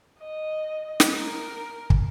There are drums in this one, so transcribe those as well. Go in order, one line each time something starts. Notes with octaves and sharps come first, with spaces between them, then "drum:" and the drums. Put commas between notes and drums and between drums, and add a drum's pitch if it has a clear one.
D#5
drum: snare
A#4
drum: kick